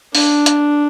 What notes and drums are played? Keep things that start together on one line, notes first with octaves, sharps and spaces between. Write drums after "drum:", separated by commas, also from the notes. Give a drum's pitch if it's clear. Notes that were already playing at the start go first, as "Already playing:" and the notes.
D4, drum: open hi-hat
drum: hi-hat